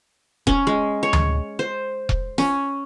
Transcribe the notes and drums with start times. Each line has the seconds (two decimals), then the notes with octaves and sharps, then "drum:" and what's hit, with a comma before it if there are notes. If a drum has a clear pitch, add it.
0.47 C#4, drum: kick E1
0.67 G#3
1.03 C#5
1.13 drum: tom D2
1.59 C5
2.09 drum: kick E1
2.38 C#4, drum: snare